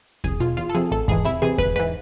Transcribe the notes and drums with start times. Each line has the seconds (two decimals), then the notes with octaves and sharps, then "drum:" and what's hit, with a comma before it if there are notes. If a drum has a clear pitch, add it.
0.24 C2 G#4, drum: kick E2, hi-hat
0.40 B2 F4, drum: hi-hat
0.57 E2 F4, drum: hi-hat
0.69 A4
0.75 C3 F3 G#4, drum: hi-hat
0.91 A1 A4
1.08 G#2 E3 G#4, drum: kick E2
1.25 C2 E4, drum: hi-hat
1.42 C3 E3 G#4
1.58 G#1 B4, drum: kick E2, hi-hat
1.76 G#2 E3 B4, drum: hi-hat